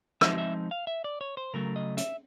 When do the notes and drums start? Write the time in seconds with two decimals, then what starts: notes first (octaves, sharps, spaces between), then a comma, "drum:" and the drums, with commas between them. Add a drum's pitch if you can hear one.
0.21 F3 G#3 C4 D#4 E5, drum: rim click
0.38 E5
0.71 F5
0.87 E5
1.04 D5
1.21 C#5
1.37 C5
1.54 C#3 F#3 A3 A#4
1.76 D#5
1.97 E5, drum: hi-hat